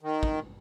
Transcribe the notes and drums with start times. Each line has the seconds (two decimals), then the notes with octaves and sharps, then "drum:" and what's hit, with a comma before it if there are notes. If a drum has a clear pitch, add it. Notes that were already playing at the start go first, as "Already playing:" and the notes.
0.01 D#3
0.23 drum: kick